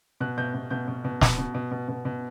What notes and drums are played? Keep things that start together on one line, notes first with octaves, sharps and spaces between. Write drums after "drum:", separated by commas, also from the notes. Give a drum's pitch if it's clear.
B2 F#6
B2 G6
B2
B2 G6
B2
B2
B2, drum: snare
B2
B2
B2
B2
B2